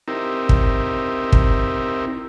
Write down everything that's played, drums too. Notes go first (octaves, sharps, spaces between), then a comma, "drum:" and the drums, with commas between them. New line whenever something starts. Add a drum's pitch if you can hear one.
C4 D#4 E4 G4 A#4
drum: kick
drum: kick